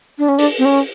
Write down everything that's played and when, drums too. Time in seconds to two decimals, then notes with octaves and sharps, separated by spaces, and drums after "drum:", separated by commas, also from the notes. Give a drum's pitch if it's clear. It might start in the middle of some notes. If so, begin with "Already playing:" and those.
0.19 D4
0.29 C#4
0.38 D4, drum: open hi-hat
0.59 C4
0.65 C#4